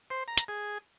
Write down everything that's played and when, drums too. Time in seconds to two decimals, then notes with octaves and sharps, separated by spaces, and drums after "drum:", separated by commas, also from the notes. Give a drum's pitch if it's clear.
0.10 C5
0.28 A#5
0.37 drum: hi-hat
0.48 G#4